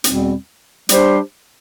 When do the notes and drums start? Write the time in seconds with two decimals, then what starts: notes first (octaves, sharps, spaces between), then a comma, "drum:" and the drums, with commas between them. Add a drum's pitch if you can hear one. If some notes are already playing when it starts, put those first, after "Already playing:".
0.04 E2 B2 G3 C4, drum: hi-hat
0.89 G3 D4 G4 C5, drum: hi-hat